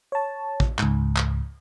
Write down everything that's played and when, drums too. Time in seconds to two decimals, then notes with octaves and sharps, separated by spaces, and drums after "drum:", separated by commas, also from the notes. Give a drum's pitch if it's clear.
0.12 C#5 A5
0.60 drum: kick
0.79 C#2 G#2, drum: clap
1.17 drum: clap